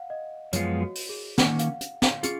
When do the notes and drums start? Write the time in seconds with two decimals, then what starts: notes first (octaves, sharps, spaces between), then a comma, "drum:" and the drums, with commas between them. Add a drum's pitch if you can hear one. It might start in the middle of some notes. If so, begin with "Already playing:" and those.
Already playing: F5 F#5
0.10 D#5
0.53 F#2 F3 G#3 B3 F4 C#5, drum: hi-hat
0.81 F#4
0.95 drum: open hi-hat
1.09 G#4
1.38 D#3 A#3 C#4 F#5, drum: snare
1.59 F5, drum: hi-hat
1.81 drum: hi-hat
2.02 F5, drum: snare
2.23 C#4 F4 G#4, drum: hi-hat